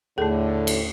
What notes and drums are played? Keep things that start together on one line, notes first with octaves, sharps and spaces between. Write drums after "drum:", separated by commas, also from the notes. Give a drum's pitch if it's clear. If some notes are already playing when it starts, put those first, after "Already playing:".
D#2 A2 D3 A3 G#4 A4
drum: cymbal